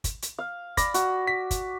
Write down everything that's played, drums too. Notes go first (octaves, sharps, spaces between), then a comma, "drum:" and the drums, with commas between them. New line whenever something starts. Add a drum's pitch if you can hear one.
drum: kick, hi-hat
drum: hi-hat
F5
D5 B5 A#6, drum: kick, hi-hat
F#4, drum: hi-hat
B6
drum: kick, hi-hat